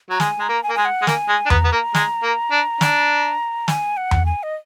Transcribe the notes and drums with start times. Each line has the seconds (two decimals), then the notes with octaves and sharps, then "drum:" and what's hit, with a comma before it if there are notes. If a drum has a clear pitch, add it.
0.10 F#3 A#5
0.20 G#3 G#5, drum: snare
0.39 G#3 A#5
0.49 A#3
0.63 G#5
0.69 A#3
0.75 G#3 G#5
0.85 F#5
1.02 G#3
1.07 A#3 G#5, drum: snare
1.29 G#3
1.46 D4
1.50 B3 A#5, drum: tom E2
1.64 B3
1.72 A#3
1.95 G#3, drum: snare
2.23 A#3
2.51 D4
2.81 D4, drum: snare
3.68 G#5, drum: snare
3.97 F#5
4.11 drum: tom E2
4.26 G#5
4.43 D#5